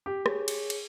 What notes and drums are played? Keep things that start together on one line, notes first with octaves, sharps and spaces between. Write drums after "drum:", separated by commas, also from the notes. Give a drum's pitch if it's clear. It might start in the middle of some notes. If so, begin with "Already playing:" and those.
G4
G#4 C#5, drum: rim click
drum: cymbal
drum: cymbal